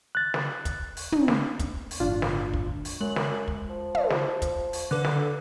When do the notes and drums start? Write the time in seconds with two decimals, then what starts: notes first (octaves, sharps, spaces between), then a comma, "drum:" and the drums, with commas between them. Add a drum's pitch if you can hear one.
0.15 F#6 A6
0.34 drum: snare
0.65 drum: kick, hi-hat
0.97 drum: open hi-hat
1.12 drum: tom
1.28 drum: snare
1.59 drum: kick, hi-hat
1.91 drum: open hi-hat
2.00 G1 A2 F3 D4 F4
2.22 drum: snare
2.53 drum: kick
2.85 drum: open hi-hat
3.01 F#2 G#3 F#7
3.16 drum: snare
3.48 drum: kick
3.69 F3
3.95 drum: tom
4.10 drum: snare
4.42 drum: kick, hi-hat
4.73 drum: open hi-hat
4.91 D3 B4 D6 F#6
5.04 drum: snare